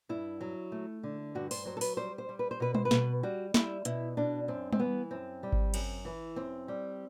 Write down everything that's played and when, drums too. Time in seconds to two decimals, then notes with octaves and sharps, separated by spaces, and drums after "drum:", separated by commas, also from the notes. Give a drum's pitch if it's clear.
0.09 G2 E4
0.41 F#3
0.72 A3
1.03 D3
1.35 G2 F#4
1.51 C5, drum: open hi-hat
1.65 F#3 C5
1.77 A4
1.81 B4, drum: open hi-hat
1.97 G3 C5
2.18 C5
2.29 G3
2.39 B4
2.51 C5
2.60 B2 B4
2.75 C5, drum: tom G3
2.85 B4
2.91 B2, drum: snare
3.23 G3 F#4
3.54 G3 E4, drum: snare
3.85 B2 E4, drum: hi-hat
4.17 B2 D4
4.48 F#2 C4
4.73 C4, drum: tom G3
4.79 E3 B3
5.11 F#2 C4
5.43 G3
5.53 drum: kick G#1
5.74 F#2, drum: cymbal
6.05 E3
6.36 F#2 C4
6.68 G3